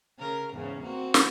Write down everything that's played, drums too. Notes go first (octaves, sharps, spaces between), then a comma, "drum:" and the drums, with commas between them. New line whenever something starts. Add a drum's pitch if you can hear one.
C#3 A#4
E2 G#2 C#3
A#3 C4 F#4
drum: snare